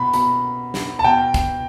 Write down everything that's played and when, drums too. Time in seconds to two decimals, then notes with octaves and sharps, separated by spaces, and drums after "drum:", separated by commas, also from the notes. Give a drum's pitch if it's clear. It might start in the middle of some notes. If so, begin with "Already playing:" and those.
Already playing: B2 B5
0.13 B2 B5, drum: hi-hat
0.74 drum: snare
0.99 A5
1.04 B2 G5
1.34 drum: kick, hi-hat